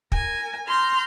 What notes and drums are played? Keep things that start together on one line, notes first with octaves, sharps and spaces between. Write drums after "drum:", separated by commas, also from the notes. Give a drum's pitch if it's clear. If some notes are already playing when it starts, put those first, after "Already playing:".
A#4 G#5, drum: kick
A#5 C6 F6 G6